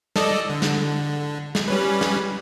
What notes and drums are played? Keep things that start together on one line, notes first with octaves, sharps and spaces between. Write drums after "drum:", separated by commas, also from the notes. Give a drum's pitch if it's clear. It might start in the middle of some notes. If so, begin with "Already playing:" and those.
A4 D5 D#5, drum: snare
D3
drum: snare
drum: snare
G3 C#4 B4
drum: snare